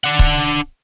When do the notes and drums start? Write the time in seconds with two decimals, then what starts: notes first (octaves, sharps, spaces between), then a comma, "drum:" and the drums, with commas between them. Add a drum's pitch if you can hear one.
0.04 D4 F#5
0.19 drum: kick C#1